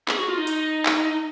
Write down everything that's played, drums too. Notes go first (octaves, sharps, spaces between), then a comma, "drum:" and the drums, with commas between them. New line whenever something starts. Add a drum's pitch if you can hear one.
G#4, drum: clap
F#4
F4
D#4
drum: hi-hat
drum: clap